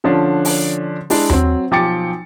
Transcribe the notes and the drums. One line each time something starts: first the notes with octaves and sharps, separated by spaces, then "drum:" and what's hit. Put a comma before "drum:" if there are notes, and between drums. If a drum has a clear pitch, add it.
D3 F3 C#4 D4
drum: open hi-hat
G#3 D4 E4, drum: open hi-hat
F#3 C4, drum: tom D#2
B1 F3 G5 D6 A6 C#7